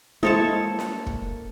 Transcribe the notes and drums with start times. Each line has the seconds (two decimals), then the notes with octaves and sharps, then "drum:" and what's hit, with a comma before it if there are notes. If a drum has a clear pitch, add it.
0.23 G#3 A#3 E4 A4 C5 C#5 D#5 A5
0.79 drum: snare
1.06 drum: kick